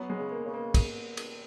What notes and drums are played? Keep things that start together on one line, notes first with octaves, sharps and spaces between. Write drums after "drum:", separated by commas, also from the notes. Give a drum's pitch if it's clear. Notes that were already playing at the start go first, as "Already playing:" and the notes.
Already playing: F#3 B3
G#3
C#3
A#3
C#3
A#3
drum: kick, cymbal
drum: cymbal